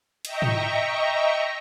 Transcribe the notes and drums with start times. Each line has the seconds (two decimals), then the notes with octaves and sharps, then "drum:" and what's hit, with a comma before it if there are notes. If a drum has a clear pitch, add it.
0.25 D#5 E5 G5 A#5 C#6, drum: hi-hat
0.42 drum: tom G#2